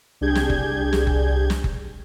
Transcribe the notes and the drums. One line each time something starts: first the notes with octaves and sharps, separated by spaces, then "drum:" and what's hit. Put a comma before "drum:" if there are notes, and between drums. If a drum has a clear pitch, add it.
C2 D4 G4 G#4 G6 G#6
drum: snare
drum: kick F#1
drum: snare
drum: kick F#1
drum: snare
drum: kick F#1